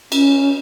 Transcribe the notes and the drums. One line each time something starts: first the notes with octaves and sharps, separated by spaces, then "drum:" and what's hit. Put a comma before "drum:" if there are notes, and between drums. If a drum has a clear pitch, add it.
C#4, drum: cymbal